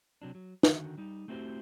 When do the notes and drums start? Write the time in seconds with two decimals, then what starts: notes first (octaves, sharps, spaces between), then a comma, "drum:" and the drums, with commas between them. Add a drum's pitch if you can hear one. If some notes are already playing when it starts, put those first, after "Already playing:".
0.22 C3 F#3 D4
0.35 F#3
0.63 D3 D#3 F#4, drum: snare
0.98 G3 D#4
1.28 A3 C4 E4 F#4 G4 C5